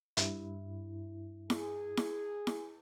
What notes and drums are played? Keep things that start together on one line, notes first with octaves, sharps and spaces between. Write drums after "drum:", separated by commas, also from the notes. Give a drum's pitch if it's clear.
G2 E4, drum: hi-hat
G#4, drum: snare E4
drum: snare E4
drum: snare E4